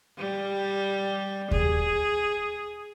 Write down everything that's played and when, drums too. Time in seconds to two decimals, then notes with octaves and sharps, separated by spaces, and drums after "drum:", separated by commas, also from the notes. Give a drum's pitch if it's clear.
0.18 G3
1.51 G#4, drum: kick D#2